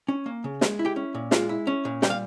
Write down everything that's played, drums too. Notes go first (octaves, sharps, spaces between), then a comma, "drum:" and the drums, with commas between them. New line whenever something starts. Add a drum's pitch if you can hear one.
C#4
A#3
C#3
G#3, drum: snare
E4
G4 G5
C#4
A#2
G#3 F4 F5, drum: snare
E4
C#4
A#2
G3 G5, drum: snare
F5